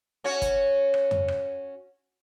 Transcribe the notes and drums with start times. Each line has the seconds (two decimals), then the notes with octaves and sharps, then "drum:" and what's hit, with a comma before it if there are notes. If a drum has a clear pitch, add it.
0.24 C#4 F#4 C#5
0.42 drum: kick, hi-hat
0.94 drum: rim click
1.11 drum: tom F2
1.28 drum: rim click